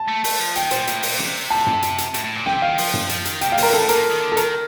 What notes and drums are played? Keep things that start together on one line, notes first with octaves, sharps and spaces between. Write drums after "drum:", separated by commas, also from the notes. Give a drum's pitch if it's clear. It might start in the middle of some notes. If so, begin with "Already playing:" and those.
Already playing: A5
A3
A3, drum: open hi-hat
F3
D#3 G5, drum: hi-hat
A#2 C5, drum: hi-hat
A2, drum: hi-hat
A#2, drum: open hi-hat
C3, drum: snare
A5
drum: tom F#2
drum: hi-hat
drum: hi-hat
A2, drum: hi-hat
A2
A#2
C3 G5, drum: snare
D#3 F5
F3, drum: open hi-hat
drum: tom F#2
F3, drum: hi-hat
D#3, drum: hi-hat
C3 G5, drum: hi-hat
F5
A#2, drum: open hi-hat
A#4
A2 A4, drum: snare
A#2 A#4, drum: hi-hat
D#3
D3
A4
D#3 A#4, drum: hi-hat